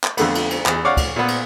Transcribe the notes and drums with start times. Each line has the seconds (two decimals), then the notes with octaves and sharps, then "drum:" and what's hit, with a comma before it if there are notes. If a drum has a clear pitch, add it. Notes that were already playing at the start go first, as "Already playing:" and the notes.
0.04 drum: clap
0.17 F2 D3 A3 B3, drum: cymbal
0.35 drum: cymbal
0.50 drum: cymbal
0.66 E2, drum: clap
0.85 C#5 D5 F5 F#5
0.97 drum: kick, cymbal
1.16 A#2 B3
1.28 drum: cymbal